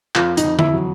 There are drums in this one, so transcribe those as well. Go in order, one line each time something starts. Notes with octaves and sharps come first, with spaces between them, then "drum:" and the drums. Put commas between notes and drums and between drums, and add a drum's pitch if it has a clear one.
F2 F4, drum: clap
D#4, drum: hi-hat
F2
E4, drum: tom D3
F#3